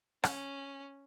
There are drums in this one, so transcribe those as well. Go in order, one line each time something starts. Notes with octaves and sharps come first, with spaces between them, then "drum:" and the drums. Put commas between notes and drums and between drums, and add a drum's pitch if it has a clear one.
C#4, drum: rim click